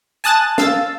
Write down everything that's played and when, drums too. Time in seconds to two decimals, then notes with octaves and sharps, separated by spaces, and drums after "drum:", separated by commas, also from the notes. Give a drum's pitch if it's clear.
0.24 G#5 A5 D#6 F#6 A6
0.58 F5 E6 A6, drum: snare